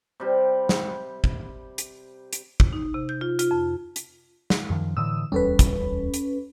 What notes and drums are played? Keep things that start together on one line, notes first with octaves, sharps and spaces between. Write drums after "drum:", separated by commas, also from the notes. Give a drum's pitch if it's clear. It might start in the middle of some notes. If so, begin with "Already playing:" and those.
C3 G3
drum: snare
drum: kick
drum: hi-hat
drum: hi-hat
drum: kick
D#4
C3
G6
F4
F4, drum: hi-hat
F2
drum: hi-hat
drum: snare
F#2 D#3 F3
A2 D3 E3 D#6 E6
D1 E2 G3 C#4 A4 B4
drum: kick, hi-hat
drum: hi-hat